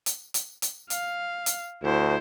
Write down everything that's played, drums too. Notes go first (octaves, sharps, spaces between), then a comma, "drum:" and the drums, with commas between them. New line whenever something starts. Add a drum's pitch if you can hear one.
drum: hi-hat
drum: hi-hat
drum: hi-hat
F5, drum: hi-hat
drum: hi-hat
D2 E4 C5